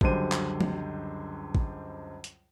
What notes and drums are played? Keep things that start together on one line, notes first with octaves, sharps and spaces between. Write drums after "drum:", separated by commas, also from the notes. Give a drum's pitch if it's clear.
C#2 F#2 D3 G3 C5 D#7, drum: kick A1
drum: clap
drum: tom
drum: kick A1
drum: hi-hat